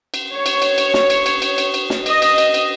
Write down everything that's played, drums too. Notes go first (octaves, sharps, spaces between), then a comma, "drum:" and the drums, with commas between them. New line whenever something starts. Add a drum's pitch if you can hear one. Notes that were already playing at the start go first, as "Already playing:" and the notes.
drum: cymbal
C#5
drum: cymbal
drum: cymbal
drum: cymbal
drum: snare
drum: cymbal
drum: cymbal
drum: cymbal
drum: cymbal
drum: cymbal
drum: snare
D#5, drum: cymbal
drum: cymbal
drum: cymbal
drum: cymbal